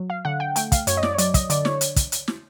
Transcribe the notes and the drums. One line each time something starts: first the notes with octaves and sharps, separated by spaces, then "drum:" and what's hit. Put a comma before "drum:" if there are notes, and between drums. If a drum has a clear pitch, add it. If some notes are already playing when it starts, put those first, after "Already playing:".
Already playing: F#3
F5
D3 F#5
G5
A3 G5, drum: hi-hat
F5, drum: kick, hi-hat
F#2 C#5, drum: hi-hat
D#5
D5, drum: snare
C#5
F#3 D5, drum: hi-hat
D#5, drum: kick, hi-hat
D3 D5, drum: hi-hat
C#5, drum: snare
drum: hi-hat
drum: kick, hi-hat
drum: hi-hat
drum: snare